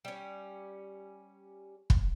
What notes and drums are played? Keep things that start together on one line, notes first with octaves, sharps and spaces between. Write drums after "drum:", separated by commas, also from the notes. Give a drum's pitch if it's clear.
G3 C#4
drum: kick